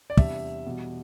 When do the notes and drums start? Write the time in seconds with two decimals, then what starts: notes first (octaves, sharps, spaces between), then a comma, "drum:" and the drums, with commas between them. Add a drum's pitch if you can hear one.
0.10 D5
0.17 E2 C3 G3 D4 E5, drum: kick
0.66 E2 B2 G3